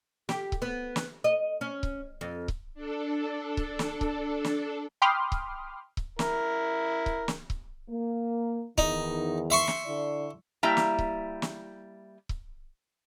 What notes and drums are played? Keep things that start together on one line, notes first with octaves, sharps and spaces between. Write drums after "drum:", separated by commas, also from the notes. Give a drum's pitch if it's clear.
G4, drum: snare
drum: kick C#1
B3
drum: snare
D#5
C#4
drum: kick C#1
F2
drum: kick C#1
D4 A4
drum: kick C#1
drum: snare
drum: kick C#1
drum: snare
G5 B5 C6 D6 D#6 F6
drum: kick C#1
drum: kick C#1
E4 A#4, drum: snare
drum: kick C#1
drum: snare
drum: kick C#1
A#3
E2 D#3 D#4, drum: kick C#1
E5 C6 C#6
drum: snare
D3 E4 D5
G3 A#3 E4 E5 G5 A#5
drum: snare
drum: kick C#1
drum: snare
drum: kick C#1